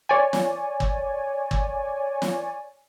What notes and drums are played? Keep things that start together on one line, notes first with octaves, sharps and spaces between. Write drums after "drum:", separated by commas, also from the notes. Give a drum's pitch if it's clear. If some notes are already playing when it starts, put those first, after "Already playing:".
C#5 D5 G#5
drum: snare
drum: kick
drum: kick
drum: snare